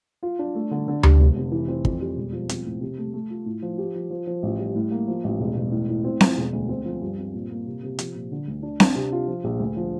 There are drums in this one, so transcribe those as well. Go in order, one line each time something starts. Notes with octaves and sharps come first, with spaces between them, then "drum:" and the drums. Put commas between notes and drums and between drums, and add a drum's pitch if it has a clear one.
F4
D4
A3
D3
D3
G3, drum: tom D2
F1
F1
E3
C4
F2, drum: kick
G3
E1
F3
C4, drum: hi-hat
A2
C3
A3
A3
F4
A2
F3
G4
F3
F3
F3
A1
G3
A2
A#3
F3
A1
E1
E1
A2
A2
C4
F3, drum: snare C4
E1
D2
C4
F3
G2
C4
A#2
A#3
C3
C3
F3, drum: hi-hat
A#2
D3
D2
D4
D4, drum: snare C4
C3
F4
F3
A#1
D2
F3